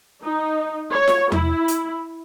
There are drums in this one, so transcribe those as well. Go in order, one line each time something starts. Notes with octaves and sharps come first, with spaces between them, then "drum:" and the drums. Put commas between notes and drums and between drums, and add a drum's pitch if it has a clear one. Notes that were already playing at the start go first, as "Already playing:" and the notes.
D#4
C#5
drum: snare F4
E4, drum: tom E2
drum: hi-hat